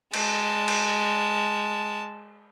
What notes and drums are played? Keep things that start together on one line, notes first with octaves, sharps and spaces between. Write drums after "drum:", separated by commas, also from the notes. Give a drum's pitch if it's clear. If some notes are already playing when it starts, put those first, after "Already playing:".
G#3 A5, drum: cymbal
drum: cymbal